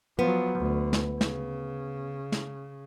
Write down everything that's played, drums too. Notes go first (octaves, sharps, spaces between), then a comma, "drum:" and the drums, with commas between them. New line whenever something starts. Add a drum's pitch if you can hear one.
F3 F#3 B3
D2
drum: snare
C#3, drum: snare
drum: snare